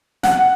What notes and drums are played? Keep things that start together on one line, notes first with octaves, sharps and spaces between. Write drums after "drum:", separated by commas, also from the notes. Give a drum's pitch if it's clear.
F#5, drum: snare